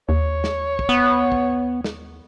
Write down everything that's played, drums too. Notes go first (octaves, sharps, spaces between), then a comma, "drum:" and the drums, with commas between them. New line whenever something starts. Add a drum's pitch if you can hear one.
D#2 C#5
drum: snare
drum: kick
B3
drum: kick
drum: snare